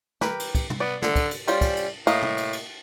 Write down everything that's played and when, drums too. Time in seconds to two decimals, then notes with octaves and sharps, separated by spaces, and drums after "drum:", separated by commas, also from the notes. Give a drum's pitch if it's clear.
0.21 G4 A#4 B4, drum: snare
0.39 drum: cymbal
0.55 drum: kick, cymbal
0.70 drum: tom
0.80 B3 D5
1.02 D3, drum: snare
1.16 drum: kick, cymbal
1.31 drum: cymbal
1.48 G3 C#4 F4 C5, drum: cymbal
1.61 drum: kick, cymbal
1.77 drum: cymbal
2.07 A2 A#3 D#5 F5, drum: cymbal
2.22 drum: tom
2.37 drum: cymbal
2.53 drum: cymbal